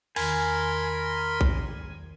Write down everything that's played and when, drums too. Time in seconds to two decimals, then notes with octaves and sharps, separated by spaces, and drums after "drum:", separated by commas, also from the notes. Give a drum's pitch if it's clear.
0.16 E2 D#3 A#4 G#5 B5 C6, drum: cymbal
1.41 drum: kick A#1